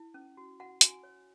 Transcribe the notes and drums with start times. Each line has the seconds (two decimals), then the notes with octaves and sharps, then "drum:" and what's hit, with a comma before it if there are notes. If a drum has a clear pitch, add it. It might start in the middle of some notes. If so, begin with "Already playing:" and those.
Already playing: E4
0.14 C#4
0.37 F#4
0.60 F#4 F#5
0.81 F#4 G#5, drum: hi-hat
1.03 C#5